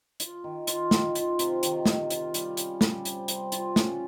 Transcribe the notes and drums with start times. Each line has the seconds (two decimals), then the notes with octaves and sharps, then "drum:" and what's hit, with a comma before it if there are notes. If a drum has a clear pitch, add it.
0.20 F4, drum: hi-hat
0.44 D#3
0.67 F4, drum: hi-hat
0.91 D#3, drum: snare
1.15 F4, drum: hi-hat
1.39 C3, drum: hi-hat
1.63 D#3, drum: hi-hat
1.86 D#3, drum: snare
2.10 F4, drum: hi-hat
2.34 G3, drum: hi-hat
2.57 C#4, drum: hi-hat
2.81 G3, drum: snare
3.05 C3, drum: hi-hat
3.28 C3, drum: hi-hat
3.52 F4, drum: hi-hat
3.76 C#4, drum: snare